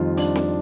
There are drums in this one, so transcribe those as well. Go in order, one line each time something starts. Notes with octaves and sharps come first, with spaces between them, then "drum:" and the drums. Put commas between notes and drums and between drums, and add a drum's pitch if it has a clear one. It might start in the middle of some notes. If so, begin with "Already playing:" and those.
Already playing: F2 D#3 G3 F4
D4, drum: open hi-hat
drum: snare C4